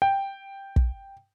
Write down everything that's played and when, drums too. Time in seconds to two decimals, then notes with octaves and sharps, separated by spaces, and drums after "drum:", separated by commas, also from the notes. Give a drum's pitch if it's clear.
0.02 G5
0.76 drum: kick